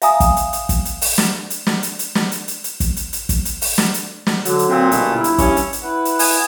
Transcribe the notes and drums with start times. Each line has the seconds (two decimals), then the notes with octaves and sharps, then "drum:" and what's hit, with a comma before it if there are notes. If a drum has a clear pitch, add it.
0.02 E5 F5 G#5 A#5 D#6, drum: hi-hat
0.20 drum: kick, hi-hat
0.37 drum: hi-hat
0.53 drum: hi-hat
0.69 drum: kick, hi-hat
0.85 drum: hi-hat
1.02 drum: open hi-hat
1.18 drum: snare
1.50 drum: hi-hat
1.67 drum: snare
1.83 drum: hi-hat
1.99 drum: hi-hat
2.15 drum: snare
2.32 drum: hi-hat
2.48 drum: hi-hat
2.64 drum: hi-hat
2.80 drum: kick, hi-hat
2.97 drum: hi-hat
3.13 drum: hi-hat
3.29 drum: kick, hi-hat
3.45 drum: hi-hat
3.62 drum: open hi-hat
3.78 drum: snare
3.94 drum: hi-hat
4.27 drum: snare
4.45 D3 F#3, drum: hi-hat
4.59 drum: hi-hat
4.69 A#2 C4
4.92 G1 B2, drum: hi-hat
5.14 E4
5.24 drum: hi-hat
5.38 G2 C#4, drum: kick, hi-hat
5.57 drum: hi-hat
5.73 drum: hi-hat
5.83 E4 B4 F#5
6.05 drum: hi-hat
6.19 G#5 D#6, drum: open hi-hat